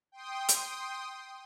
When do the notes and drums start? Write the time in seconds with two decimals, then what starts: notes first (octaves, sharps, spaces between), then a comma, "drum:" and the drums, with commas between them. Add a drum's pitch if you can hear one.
0.12 G5 C6 D#6
0.49 drum: hi-hat